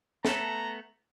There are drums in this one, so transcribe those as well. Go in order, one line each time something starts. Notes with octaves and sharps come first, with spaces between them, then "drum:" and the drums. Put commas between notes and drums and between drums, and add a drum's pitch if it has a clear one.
A3 B3 A4 A#5, drum: snare